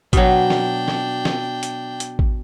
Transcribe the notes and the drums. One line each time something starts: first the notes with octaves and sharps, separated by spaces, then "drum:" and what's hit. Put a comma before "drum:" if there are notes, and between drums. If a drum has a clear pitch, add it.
B2 F#3 D4 G5, drum: kick A1, hi-hat
drum: snare
drum: snare
drum: snare
drum: hi-hat
drum: hi-hat
drum: kick A1